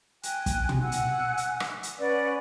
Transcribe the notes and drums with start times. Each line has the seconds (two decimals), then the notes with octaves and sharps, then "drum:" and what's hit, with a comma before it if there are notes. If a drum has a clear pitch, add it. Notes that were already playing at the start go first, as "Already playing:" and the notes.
0.23 G5 G#5 F#6, drum: hi-hat
0.46 drum: kick, hi-hat
0.69 drum: tom
0.81 F#5 G#5 E6 F#6
0.92 drum: hi-hat
1.37 drum: hi-hat
1.60 drum: rim click
1.83 drum: hi-hat
1.99 C#4 B4 D5 F#5